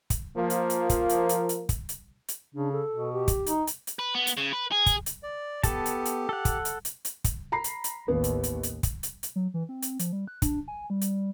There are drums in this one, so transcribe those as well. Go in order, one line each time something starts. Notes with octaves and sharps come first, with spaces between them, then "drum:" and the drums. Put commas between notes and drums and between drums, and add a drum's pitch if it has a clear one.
drum: kick, hi-hat
F3 A#3
drum: hi-hat
drum: hi-hat
drum: kick, hi-hat
drum: hi-hat
drum: hi-hat
drum: hi-hat
drum: kick, hi-hat
drum: hi-hat
drum: hi-hat
C#3 D4
A4
B2
G4
drum: kick, hi-hat
D#4, drum: hi-hat
drum: hi-hat
drum: hi-hat
B4
B3
drum: hi-hat
C#3
B4
G#4
drum: kick, hi-hat
drum: hi-hat
D5
B3 G4 A4 A5, drum: kick, hi-hat
drum: hi-hat
drum: hi-hat
A4 F#5
drum: kick, hi-hat
drum: hi-hat
drum: hi-hat
drum: hi-hat
drum: kick, hi-hat
A#5 B5 C7
drum: hi-hat
drum: hi-hat
A1 D#2 B3
drum: hi-hat
drum: hi-hat
drum: hi-hat
drum: kick, hi-hat
drum: hi-hat
drum: hi-hat
F#3
E3
C4
drum: hi-hat
F3, drum: hi-hat
G3
F#6
D4, drum: kick, hi-hat
G#5
G3
drum: hi-hat